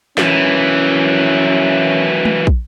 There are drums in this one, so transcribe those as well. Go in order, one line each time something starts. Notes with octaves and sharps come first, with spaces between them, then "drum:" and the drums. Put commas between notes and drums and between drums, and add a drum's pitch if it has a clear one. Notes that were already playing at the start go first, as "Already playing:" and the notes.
F#2 E3 C#4, drum: snare
drum: tom
drum: kick